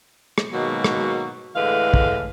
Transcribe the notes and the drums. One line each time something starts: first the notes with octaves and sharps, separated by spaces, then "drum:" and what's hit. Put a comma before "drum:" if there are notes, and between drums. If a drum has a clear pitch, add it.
drum: rim click
G#2 B2 D#3 F#3 G#3 A#3
drum: rim click
A2 D3 E3 G#3 B4 F5
drum: kick